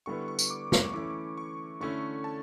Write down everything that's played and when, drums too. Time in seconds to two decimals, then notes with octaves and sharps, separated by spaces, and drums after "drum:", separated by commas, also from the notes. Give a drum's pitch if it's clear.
0.06 D3 G3 B3 E4 C#6
0.28 C#6
0.39 drum: tambourine
0.50 D6
0.72 C#6, drum: snare
0.93 E3 A3 C#4 E4 D6
1.38 C#6
1.81 D3 A3 C#4 E4 C#6
2.24 A5